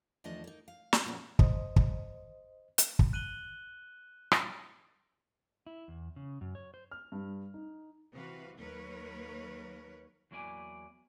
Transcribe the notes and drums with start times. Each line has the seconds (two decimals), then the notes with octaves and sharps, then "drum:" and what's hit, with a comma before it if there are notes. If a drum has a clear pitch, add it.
0.24 E2 D#3 F3 A3 D4 D#5
0.44 A#3 D#4
0.68 F5
0.93 drum: snare
1.05 F#2 A#2 F3 A#3 B3 F#5
1.39 C5 D#5, drum: kick
1.76 drum: kick
2.78 drum: hi-hat
2.99 drum: kick
3.13 F#6 D#7 F#7 G7
4.32 drum: rim click
5.67 E4
5.88 E2
6.16 C#3
6.41 F#2
6.55 C#5
6.74 C5
6.91 F6
7.12 G2
7.54 D#4
8.13 C3 E3 F#4 B4 F5
8.57 D#2 F#3 A#4 B4 C#5
10.31 E2 F#3 A#3 E4 D5 G#5